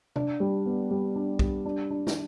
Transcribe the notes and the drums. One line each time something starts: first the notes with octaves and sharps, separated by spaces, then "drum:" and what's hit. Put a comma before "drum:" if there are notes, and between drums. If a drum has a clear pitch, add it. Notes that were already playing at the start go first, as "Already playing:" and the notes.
D4, drum: tom
G3
B3
G3
D4
G3, drum: kick
D4
D4
drum: snare